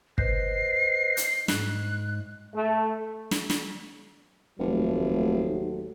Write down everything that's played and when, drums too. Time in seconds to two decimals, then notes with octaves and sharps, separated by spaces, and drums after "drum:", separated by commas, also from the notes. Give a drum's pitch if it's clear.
0.18 B4 C5 D#5 C7, drum: kick
1.17 drum: hi-hat
1.48 G#2 G#3 F#6, drum: snare
2.53 A3
3.31 drum: snare
3.50 drum: snare
4.59 F1 D#2 F#3 A3